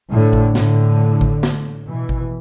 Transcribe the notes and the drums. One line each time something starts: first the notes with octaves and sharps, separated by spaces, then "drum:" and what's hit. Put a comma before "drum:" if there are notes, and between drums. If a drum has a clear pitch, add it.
A2 D3
drum: kick G#1
A2 D3, drum: snare
drum: kick G#1
drum: snare
B2 E3
drum: kick G#1